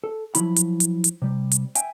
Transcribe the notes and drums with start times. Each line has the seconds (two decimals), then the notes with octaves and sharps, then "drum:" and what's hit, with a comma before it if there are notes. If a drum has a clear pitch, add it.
0.04 A4
0.35 F3 F#3 E4 B5, drum: hi-hat
0.56 drum: hi-hat
0.80 drum: hi-hat
1.04 drum: hi-hat
1.22 C3 G3
1.52 drum: hi-hat
1.75 E5 G5 G#5, drum: hi-hat